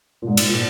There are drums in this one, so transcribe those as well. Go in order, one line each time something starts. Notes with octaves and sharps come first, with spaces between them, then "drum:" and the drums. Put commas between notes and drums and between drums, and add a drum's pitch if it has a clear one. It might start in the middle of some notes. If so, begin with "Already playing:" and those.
A#2
G#2
G#2, drum: cymbal
A#2